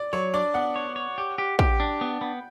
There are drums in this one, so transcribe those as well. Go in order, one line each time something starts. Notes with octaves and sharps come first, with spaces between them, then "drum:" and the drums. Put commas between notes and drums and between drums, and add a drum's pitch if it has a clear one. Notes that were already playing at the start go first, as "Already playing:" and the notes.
Already playing: D5
F#3 C#5
D4 D5
B3 F#5
C#5
C#5
G4
G4
G4 G5, drum: kick
D4
B3
B3